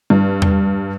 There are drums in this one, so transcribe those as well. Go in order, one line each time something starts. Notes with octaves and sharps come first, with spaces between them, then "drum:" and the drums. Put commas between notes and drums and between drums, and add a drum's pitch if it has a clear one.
G2
drum: tom E2